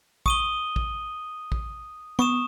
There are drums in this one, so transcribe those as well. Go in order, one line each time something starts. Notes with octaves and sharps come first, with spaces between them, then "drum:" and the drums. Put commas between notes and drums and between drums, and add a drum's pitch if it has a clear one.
C#6 D#6 D#7 G7, drum: kick
drum: kick
drum: kick
B3 C#6 D#6 E7